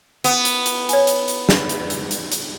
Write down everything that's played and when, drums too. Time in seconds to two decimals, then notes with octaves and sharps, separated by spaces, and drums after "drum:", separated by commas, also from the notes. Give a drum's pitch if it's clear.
0.24 B3, drum: hi-hat
0.45 drum: hi-hat
0.66 drum: hi-hat
0.89 C#5 G#5, drum: hi-hat
1.07 drum: hi-hat
1.28 drum: hi-hat
1.49 drum: snare
1.69 drum: hi-hat
1.90 drum: hi-hat
2.11 drum: hi-hat
2.32 drum: hi-hat